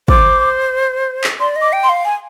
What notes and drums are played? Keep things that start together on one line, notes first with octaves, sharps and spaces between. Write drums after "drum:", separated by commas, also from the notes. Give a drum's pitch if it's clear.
C5 D6, drum: kick
drum: clap
D5 C6
D#5
D6
G5
C6
F5
G#5